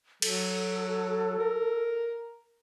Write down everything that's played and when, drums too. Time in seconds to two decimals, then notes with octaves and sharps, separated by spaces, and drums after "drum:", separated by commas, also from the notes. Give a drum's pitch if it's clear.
0.22 F#3 A4, drum: cymbal
1.39 A#4